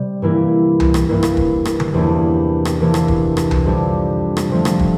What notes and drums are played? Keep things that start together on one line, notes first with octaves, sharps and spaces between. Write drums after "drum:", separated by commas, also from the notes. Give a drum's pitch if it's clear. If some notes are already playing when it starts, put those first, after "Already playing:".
Already playing: C3 G3
G2 E3 A#3 E4
drum: tom C2
drum: rim click
G2 E3 A#3 E4
drum: rim click
drum: kick
drum: rim click
drum: tom D3
E2 C3 E3 A#3 D4
drum: rim click
C3 E3 A#3 D4
drum: rim click
drum: kick
drum: rim click
drum: tom C2
F2 C3 G3 D4
drum: rim click
C3 F3 A3
drum: rim click
drum: kick